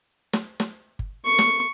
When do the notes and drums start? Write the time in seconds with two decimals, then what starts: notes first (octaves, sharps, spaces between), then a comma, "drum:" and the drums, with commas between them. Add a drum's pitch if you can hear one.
0.33 drum: snare
0.60 drum: snare
0.99 drum: kick G1
1.25 C#6
1.39 drum: snare